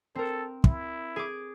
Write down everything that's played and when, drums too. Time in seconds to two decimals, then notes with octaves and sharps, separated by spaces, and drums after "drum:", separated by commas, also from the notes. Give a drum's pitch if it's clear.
0.15 C4 A4 A#4
0.64 E4, drum: kick
1.16 G#4 D6